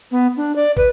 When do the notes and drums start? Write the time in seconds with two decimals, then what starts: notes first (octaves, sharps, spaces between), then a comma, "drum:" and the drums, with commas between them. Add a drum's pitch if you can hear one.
0.11 B3
0.37 D4
0.56 D5
0.77 B4, drum: kick